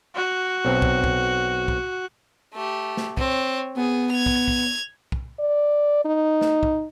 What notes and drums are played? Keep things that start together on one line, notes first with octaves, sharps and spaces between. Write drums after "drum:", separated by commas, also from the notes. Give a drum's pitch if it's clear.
F#4
B1 C4
drum: kick
drum: kick
drum: kick
A3 G4
drum: snare
C4 C#5, drum: kick
B3 G#4
G#6 F7
drum: kick
drum: kick
drum: kick
D5
D#4
drum: snare
drum: kick